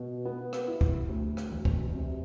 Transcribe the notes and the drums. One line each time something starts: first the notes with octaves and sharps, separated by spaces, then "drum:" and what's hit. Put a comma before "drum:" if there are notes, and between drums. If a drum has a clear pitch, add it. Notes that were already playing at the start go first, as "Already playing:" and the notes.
Already playing: B2
B3
drum: rim click
E4
drum: kick
D2
drum: rim click
E1
drum: kick
C3